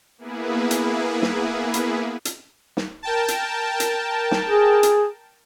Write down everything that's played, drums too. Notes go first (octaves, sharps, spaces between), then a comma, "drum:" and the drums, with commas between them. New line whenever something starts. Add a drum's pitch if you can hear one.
A#3 B3 E4 G#4 B4
drum: hi-hat
drum: snare
drum: hi-hat
drum: hi-hat
drum: snare
A#4 G5 A5
drum: hi-hat
drum: hi-hat
drum: snare
G#4
drum: hi-hat